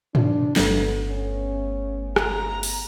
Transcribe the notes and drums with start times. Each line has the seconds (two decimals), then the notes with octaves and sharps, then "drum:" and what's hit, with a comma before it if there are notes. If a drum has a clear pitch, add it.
0.15 D4, drum: tom
0.56 G1 D3 A3 B3, drum: snare
1.06 C#4
2.16 A#5, drum: rim click
2.63 drum: open hi-hat